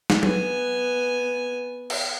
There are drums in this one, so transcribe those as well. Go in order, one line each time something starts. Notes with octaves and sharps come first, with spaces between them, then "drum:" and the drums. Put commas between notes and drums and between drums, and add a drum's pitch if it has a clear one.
drum: snare
B3 G#5, drum: tom F#3
drum: cymbal